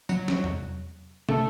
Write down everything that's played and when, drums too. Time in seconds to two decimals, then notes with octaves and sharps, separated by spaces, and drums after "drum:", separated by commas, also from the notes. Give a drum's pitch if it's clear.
0.09 F#3, drum: tambourine
0.28 drum: snare
0.44 drum: tom E2
1.29 A3 A4, drum: tom